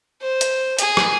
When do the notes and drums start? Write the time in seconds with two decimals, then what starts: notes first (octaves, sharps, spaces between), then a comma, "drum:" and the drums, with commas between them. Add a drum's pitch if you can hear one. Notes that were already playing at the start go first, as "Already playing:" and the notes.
0.22 C5
0.41 drum: hi-hat
0.79 G#4, drum: hi-hat
0.97 drum: rim click